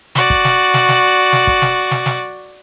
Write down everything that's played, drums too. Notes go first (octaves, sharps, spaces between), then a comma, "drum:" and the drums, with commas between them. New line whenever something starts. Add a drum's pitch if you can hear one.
F#4 D5, drum: snare
drum: kick
drum: snare
drum: snare
drum: snare
drum: snare
drum: kick
drum: snare
drum: snare
drum: snare